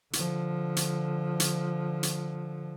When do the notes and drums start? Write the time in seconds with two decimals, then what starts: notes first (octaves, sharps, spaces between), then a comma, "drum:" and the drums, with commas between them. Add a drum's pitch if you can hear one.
0.13 D3 F3, drum: hi-hat
0.76 drum: hi-hat
1.40 drum: hi-hat
2.03 drum: hi-hat